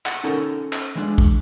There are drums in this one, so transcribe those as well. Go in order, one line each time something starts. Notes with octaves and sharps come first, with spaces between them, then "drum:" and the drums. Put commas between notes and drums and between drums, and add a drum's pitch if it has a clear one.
F#5, drum: clap
C#4 D#4 A4 A#4
drum: clap
E3 G#3 D4
drum: kick A1